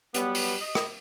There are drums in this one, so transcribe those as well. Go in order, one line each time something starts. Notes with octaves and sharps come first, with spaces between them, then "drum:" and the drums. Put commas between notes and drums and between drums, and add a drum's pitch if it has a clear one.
F#3 G3 B3, drum: hi-hat
drum: open hi-hat
D#5
drum: rim click